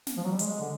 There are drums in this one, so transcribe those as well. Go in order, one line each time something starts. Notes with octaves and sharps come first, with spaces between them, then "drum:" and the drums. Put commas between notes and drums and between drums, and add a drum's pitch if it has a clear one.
drum: snare
F3
F#3
G3
G#3, drum: hi-hat
G#3
D3